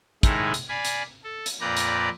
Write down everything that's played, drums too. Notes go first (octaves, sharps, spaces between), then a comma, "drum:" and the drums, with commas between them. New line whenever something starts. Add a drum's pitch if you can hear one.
A2 D#3 G#3 D#4 E4, drum: kick, hi-hat
drum: hi-hat
D5 F5 G#5 B5
drum: hi-hat
A4
drum: hi-hat
F2 A#2 B4 D5 A#5 G6
drum: hi-hat